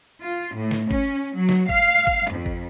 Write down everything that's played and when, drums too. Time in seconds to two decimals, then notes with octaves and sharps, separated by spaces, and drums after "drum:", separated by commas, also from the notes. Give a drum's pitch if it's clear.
0.23 F4
0.57 A2
0.71 drum: snare
0.91 C#4, drum: kick
1.37 F#3
1.49 drum: snare
1.69 F5, drum: kick
2.07 drum: kick
2.32 F2
2.46 drum: kick